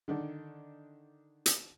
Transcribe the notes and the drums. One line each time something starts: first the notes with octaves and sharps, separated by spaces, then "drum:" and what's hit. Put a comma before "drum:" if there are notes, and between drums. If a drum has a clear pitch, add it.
D3 D#3 D4
drum: hi-hat